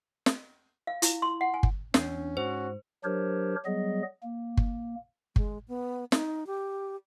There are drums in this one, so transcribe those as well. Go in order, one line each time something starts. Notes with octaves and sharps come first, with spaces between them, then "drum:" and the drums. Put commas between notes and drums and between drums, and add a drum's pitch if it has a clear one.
drum: snare
F5
E4, drum: hi-hat
C6
F#5
G#5
drum: kick G1
E2 C#4 D4, drum: snare
G#2 F#4 C5
F#3 D4 G4 A#4 C5 C#5
F#3 G3 B3 G#4 D#5
A#3
drum: kick G1
G#3, drum: kick G1
B3
D#4, drum: snare
G4